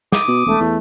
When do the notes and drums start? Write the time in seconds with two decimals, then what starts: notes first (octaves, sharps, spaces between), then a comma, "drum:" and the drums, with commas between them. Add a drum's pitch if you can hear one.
0.12 D6 D#6, drum: snare
0.28 B2
0.46 E1 A3
0.60 E2